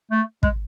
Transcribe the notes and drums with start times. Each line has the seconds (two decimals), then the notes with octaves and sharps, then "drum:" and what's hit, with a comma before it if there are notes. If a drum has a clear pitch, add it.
0.11 A3
0.43 G#3, drum: kick